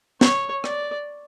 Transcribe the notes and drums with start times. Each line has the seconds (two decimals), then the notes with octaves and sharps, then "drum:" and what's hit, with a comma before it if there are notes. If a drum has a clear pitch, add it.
0.21 C#5, drum: snare
0.64 D5, drum: rim click